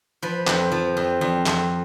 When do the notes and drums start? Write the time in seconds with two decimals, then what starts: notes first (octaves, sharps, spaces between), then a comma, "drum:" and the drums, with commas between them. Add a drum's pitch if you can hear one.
0.22 F3 B4
0.47 F2, drum: clap
0.72 F3
0.97 F2
1.21 F2
1.46 F2, drum: clap